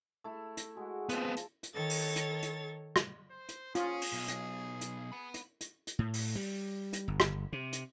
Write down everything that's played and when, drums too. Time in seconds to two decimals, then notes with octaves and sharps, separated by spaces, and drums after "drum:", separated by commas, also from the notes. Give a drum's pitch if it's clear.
0.24 A3 E4
0.57 drum: hi-hat
0.77 G#3 F#4
1.09 G#1 B2 F3 B3 C4 F4 A5, drum: hi-hat
1.37 drum: hi-hat
1.63 drum: hi-hat
1.74 D#3 A4 C#5 A6
1.90 drum: open hi-hat
2.16 drum: hi-hat
2.43 drum: hi-hat
2.96 drum: rim click
3.31 C5
3.49 drum: hi-hat
3.75 C#4 F4 G#4, drum: hi-hat
4.02 drum: open hi-hat
4.13 B1
4.28 drum: hi-hat
4.81 drum: hi-hat
5.12 F#5 B5
5.34 drum: hi-hat
5.61 drum: hi-hat
5.87 drum: hi-hat
5.99 A2
6.14 drum: open hi-hat
6.36 G3
6.93 drum: hi-hat
7.08 G1
7.20 drum: rim click
7.53 C3
7.73 drum: hi-hat